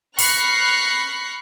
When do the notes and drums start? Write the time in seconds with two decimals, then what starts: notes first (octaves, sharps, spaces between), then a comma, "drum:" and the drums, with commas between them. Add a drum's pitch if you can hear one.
0.19 B5 C#6 F6 F#6 A#6 C7, drum: open hi-hat